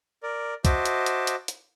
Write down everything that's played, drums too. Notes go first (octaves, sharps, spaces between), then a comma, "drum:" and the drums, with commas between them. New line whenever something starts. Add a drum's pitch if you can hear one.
A#4 D5
F#4 C5 D#5 E5 A5 D6, drum: kick, hi-hat
drum: hi-hat
drum: hi-hat
drum: hi-hat
drum: hi-hat